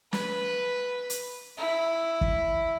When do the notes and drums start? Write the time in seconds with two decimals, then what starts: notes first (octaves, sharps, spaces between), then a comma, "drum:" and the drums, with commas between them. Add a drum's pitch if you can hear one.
0.13 B4, drum: snare
1.10 drum: hi-hat
1.57 E4
2.21 drum: kick